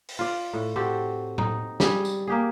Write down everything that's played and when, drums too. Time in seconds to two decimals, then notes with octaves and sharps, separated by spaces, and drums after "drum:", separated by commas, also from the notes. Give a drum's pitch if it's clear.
0.08 drum: open hi-hat
0.19 F4 D5
0.53 A2
0.76 C4 F#4 G4 A4
1.38 D#4, drum: tom
1.80 G3 G#4, drum: snare
2.05 drum: tambourine
2.27 A#3 G4 G#4